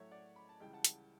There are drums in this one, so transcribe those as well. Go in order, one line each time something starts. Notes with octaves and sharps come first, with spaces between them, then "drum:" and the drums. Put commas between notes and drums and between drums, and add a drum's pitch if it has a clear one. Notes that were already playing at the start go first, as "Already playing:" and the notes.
Already playing: A2 F#3 A3 C#5 E5
D5 F#5
B5
A5
C#2 C#3 E3 G3 G5
F#5 A5
drum: hi-hat